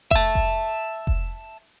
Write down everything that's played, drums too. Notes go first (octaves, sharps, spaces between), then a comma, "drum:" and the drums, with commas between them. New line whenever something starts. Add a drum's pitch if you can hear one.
E5 A5, drum: kick F1
drum: kick F1
drum: kick F1